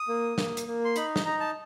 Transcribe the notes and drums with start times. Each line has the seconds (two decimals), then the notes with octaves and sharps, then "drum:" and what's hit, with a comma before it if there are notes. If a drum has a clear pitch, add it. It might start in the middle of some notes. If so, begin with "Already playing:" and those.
Already playing: D#6
0.08 A#3
0.38 A#3, drum: snare
0.57 drum: hi-hat
0.67 A#3
0.85 C6
0.96 D#4 B5, drum: hi-hat
1.16 drum: snare
1.25 D#4 A#5
1.40 A5